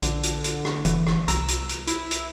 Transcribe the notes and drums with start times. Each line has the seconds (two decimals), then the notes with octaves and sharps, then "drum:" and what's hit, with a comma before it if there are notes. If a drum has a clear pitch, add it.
0.02 A#1 D3, drum: hi-hat
0.23 drum: hi-hat
0.44 drum: hi-hat
0.65 drum: rim click
0.85 F#1 E3, drum: hi-hat
1.07 drum: rim click
1.28 C2 A#5 E6, drum: hi-hat
1.48 drum: hi-hat
1.69 drum: hi-hat
1.87 E4, drum: hi-hat
2.11 drum: hi-hat